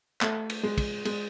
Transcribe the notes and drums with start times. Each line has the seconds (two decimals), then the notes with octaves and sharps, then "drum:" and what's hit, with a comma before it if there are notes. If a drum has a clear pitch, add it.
0.21 A3, drum: clap
0.50 drum: cymbal
0.63 G#3
0.77 drum: kick, cymbal
1.05 G#3, drum: cymbal